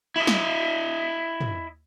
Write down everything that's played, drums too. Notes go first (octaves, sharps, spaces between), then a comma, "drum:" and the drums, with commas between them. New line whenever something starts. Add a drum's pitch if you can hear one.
E4 D#5
drum: snare
drum: tom